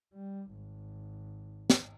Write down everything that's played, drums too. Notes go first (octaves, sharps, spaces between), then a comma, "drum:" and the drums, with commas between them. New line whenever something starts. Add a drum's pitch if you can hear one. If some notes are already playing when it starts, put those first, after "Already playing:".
G3
G#1
drum: snare